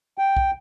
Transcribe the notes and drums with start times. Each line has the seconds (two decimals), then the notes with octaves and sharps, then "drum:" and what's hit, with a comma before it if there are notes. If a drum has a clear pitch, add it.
0.18 G5
0.37 drum: kick